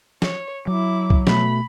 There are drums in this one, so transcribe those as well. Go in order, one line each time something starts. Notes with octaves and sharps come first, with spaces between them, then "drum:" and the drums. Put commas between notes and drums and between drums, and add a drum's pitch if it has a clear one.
C#5, drum: snare
F#3 E4 D6
drum: kick C2
B2 A3 B5, drum: snare